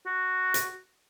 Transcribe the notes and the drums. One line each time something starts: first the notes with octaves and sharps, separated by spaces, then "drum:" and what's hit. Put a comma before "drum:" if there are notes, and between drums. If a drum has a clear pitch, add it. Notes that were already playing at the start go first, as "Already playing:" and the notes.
F#4
drum: hi-hat